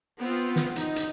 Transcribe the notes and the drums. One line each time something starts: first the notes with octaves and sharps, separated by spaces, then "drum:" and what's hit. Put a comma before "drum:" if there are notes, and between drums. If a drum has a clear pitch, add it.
B3 C4 F4
drum: snare
D#4, drum: hi-hat
drum: hi-hat